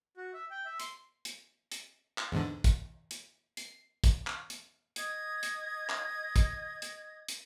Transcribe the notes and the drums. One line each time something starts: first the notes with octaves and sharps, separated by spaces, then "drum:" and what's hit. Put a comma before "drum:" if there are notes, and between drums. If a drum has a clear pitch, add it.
F#4
E5
G5
E5
C6, drum: hi-hat
drum: hi-hat
drum: hi-hat
drum: clap
E2 G#2 D3
drum: kick, hi-hat
drum: hi-hat
C7, drum: hi-hat
drum: kick, hi-hat
drum: clap
drum: hi-hat
D#5 D#6 G#6, drum: hi-hat
drum: hi-hat
drum: clap
drum: kick, hi-hat
drum: hi-hat
drum: hi-hat